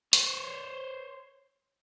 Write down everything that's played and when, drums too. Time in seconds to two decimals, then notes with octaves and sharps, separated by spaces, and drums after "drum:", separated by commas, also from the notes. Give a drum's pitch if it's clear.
0.13 C5 C#5, drum: hi-hat